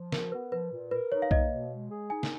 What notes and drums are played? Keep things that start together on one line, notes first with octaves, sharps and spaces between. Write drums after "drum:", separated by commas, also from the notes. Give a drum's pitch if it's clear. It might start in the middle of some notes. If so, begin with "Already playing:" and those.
Already playing: F3
F#4 A#4, drum: snare
B3 B4
F3 B4
A#2
A#4 B4
D#4 C#5
F5
A#3 D#5, drum: kick B1
B2
G#3
G#4
D#4 G#5
drum: snare